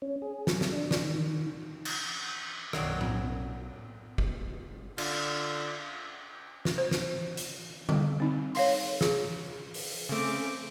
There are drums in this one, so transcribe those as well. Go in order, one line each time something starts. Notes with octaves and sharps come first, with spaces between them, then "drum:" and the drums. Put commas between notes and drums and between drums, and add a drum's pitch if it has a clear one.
C#4
G#4
F#3, drum: snare
drum: snare
D4
drum: snare
D#3
drum: cymbal
B1 F#2 D#3 F#3 D5, drum: rim click
drum: tom
drum: kick
D3 F4 D5 E5, drum: cymbal
drum: snare
C5
drum: snare
drum: hi-hat
G3, drum: tom D3
C4 D#4
C#5 F5 C6, drum: open hi-hat
G#4, drum: snare
drum: open hi-hat
C#3 A3 C4 D6